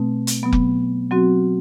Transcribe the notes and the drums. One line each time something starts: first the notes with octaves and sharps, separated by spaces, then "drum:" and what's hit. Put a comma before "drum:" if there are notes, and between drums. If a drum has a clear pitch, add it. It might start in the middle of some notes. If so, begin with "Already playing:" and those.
Already playing: B2 A3 C4
drum: hi-hat
B2 F#3 B3
drum: kick F1
F#3 C4 F#4